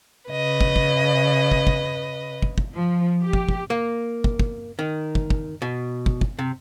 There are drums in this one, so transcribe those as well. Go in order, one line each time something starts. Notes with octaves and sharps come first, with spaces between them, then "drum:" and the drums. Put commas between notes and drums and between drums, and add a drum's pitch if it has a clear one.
C#3 B4 D#5
drum: kick
drum: kick
drum: kick
drum: kick
drum: kick
drum: kick
F3
G4
drum: kick
drum: kick
A#3
drum: kick
drum: kick
D#3
drum: kick
drum: kick
B2
drum: kick
drum: kick
C3